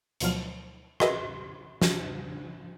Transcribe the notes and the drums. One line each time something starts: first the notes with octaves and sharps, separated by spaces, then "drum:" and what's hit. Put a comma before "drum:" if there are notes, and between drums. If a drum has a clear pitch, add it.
D2 B2 F3 F#3 F6, drum: hi-hat
F#4 G#4 A#4 B4 D#5 E5, drum: rim click
drum: snare